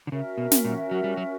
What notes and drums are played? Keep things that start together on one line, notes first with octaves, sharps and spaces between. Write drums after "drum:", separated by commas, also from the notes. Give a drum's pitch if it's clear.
D3
C#3 C#4 F#4 A#4 E5
B2
drum: snare
A#2
F#3
G3
F#3